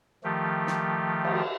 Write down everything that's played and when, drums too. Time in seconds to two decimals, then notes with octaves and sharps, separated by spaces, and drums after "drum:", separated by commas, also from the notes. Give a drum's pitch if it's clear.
0.24 D#3 F3 A3 G4
0.67 drum: snare
1.25 drum: cymbal